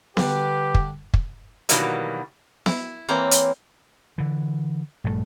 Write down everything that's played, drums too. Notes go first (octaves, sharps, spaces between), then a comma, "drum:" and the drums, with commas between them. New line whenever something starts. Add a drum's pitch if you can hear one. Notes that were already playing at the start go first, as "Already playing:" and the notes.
D3 G3 D4 G4 B4, drum: snare B3
drum: kick
drum: kick
B2 D#3 E3 F#3 G3 A#3, drum: hi-hat
E4, drum: snare B3
E3 A#3 C4 C#5
drum: hi-hat
D3 E3
A#1 G2 C#3 A3